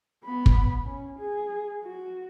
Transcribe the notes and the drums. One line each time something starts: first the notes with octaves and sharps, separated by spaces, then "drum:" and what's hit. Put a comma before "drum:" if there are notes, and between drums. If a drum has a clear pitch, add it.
B3 B5
drum: kick
C#4
G#4
F#4